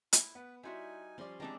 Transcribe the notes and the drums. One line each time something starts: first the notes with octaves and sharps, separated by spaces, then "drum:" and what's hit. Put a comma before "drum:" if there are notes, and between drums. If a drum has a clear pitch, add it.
E4, drum: hi-hat
B3 B4
G3 D#4 E4 F#4 E5 G#5 C6
F3 G3 C#4 D5 C6
E3 G#3 C4 D4 G5 A5 A#5